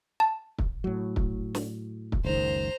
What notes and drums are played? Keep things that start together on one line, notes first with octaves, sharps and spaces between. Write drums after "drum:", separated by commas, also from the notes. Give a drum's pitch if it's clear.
A5
drum: kick
A2 F#3
drum: kick
drum: snare
drum: kick
F#1 C#2 D#3 C5 A#5